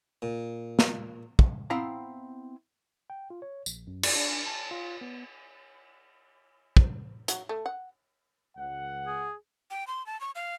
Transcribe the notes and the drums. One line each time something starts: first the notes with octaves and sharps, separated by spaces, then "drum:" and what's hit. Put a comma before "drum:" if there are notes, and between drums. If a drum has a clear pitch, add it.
A#2
drum: snare
drum: kick
B3 C4 E4 F5 G5 A#5
G5
F4
C#5
A#1, drum: tambourine
F#2
drum: cymbal
D4
A5
F4
B3
drum: kick
F#3, drum: hi-hat
A3
F#5
C#2 F#5
G#4
G5
C6
A5
C#6
F5